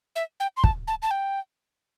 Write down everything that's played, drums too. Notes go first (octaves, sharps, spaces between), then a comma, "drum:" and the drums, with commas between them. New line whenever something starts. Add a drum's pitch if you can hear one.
E5
G5
C6
A5, drum: kick
A5
A5
G5